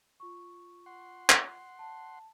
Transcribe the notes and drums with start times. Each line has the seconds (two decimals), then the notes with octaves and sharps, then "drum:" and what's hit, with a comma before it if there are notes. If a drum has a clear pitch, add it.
0.20 F4 C#6
0.86 F#5 C6
1.30 drum: clap
1.79 A5